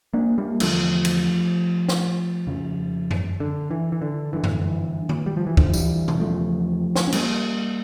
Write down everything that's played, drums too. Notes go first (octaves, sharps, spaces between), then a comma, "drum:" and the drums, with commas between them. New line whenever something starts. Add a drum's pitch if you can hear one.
A#3 D4
G3 A#3
E2 D3 F3 A3, drum: cymbal
drum: cymbal
drum: snare
F2 C#3
drum: tom F#2
D3
E3
E3
D3
G2 D3 E3
drum: tom F#2
drum: tom D#3
G3
F3
E3
D3 F3, drum: kick
E3 G3, drum: tambourine
drum: tom B2
E2 C#3 F3 A3
drum: snare
C#4
G3 A#3, drum: cymbal